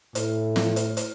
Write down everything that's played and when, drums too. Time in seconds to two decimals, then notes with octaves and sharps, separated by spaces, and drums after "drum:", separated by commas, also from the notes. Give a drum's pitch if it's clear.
0.15 A2, drum: hi-hat
0.56 drum: snare
0.76 drum: hi-hat
0.97 drum: hi-hat